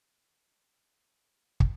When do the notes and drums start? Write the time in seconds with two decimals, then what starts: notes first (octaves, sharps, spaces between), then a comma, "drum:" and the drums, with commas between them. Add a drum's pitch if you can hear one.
0.16 B1 E2 G#4
1.20 E3 F3 C#4
1.60 drum: kick